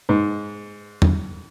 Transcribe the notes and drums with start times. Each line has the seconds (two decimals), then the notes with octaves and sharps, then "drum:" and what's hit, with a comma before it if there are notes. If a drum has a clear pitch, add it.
0.09 G#2
1.02 drum: tom E2